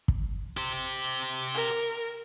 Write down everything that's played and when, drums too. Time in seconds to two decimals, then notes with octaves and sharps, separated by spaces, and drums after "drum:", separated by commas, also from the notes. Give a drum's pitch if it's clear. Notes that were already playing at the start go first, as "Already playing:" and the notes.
0.08 drum: kick
0.57 G4 C5
1.54 A#4, drum: hi-hat